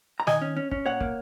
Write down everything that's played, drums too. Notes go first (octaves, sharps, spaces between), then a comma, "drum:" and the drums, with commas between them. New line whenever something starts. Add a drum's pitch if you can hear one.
A#5
D#3 D#5 G#5, drum: snare
C#4
C#4
C#4, drum: kick
A#2 C#5 F#5
A#3, drum: kick